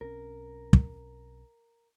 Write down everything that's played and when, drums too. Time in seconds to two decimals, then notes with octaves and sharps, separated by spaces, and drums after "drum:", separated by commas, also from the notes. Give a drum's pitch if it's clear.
0.01 B1 C4 C#4 A#4
0.73 drum: kick